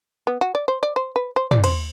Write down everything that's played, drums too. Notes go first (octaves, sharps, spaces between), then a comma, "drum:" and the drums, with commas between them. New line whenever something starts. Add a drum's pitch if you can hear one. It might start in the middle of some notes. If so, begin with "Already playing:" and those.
B3
F#4
D5
C5
D5
C5
B4
C5
D5, drum: tom
C5, drum: cymbal